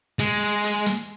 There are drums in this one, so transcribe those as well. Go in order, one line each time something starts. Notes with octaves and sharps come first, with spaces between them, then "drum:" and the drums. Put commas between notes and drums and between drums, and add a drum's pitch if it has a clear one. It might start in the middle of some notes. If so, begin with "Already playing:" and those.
G#3, drum: hi-hat
drum: hi-hat
drum: hi-hat